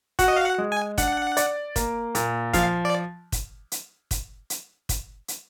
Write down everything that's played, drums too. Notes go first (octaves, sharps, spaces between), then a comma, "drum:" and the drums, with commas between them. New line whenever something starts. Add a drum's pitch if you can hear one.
F#4 F#5, drum: kick, hi-hat
D#5
F5
F#5
G#3
G#5
D4 F#5, drum: kick, hi-hat
D5, drum: hi-hat
A#3, drum: kick, hi-hat
A#2, drum: hi-hat
F3 F5, drum: kick, hi-hat
D5
drum: kick, hi-hat
drum: hi-hat
drum: kick, hi-hat
drum: hi-hat
drum: kick, hi-hat
drum: hi-hat